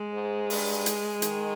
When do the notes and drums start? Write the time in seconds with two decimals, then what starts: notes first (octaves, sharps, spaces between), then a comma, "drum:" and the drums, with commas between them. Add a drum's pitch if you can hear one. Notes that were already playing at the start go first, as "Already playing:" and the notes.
Already playing: G#3
0.14 G#2
0.50 G2, drum: open hi-hat
0.86 drum: hi-hat
1.22 D#3, drum: hi-hat